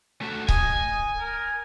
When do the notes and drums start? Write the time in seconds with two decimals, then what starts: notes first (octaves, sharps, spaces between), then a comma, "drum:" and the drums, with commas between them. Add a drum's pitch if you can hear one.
0.22 A3 F#4
0.49 D#5 G#5, drum: kick C#1
1.17 A#4